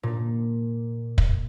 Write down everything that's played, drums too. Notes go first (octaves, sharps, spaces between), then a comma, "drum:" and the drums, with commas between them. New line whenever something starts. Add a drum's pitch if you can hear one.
A#2
drum: kick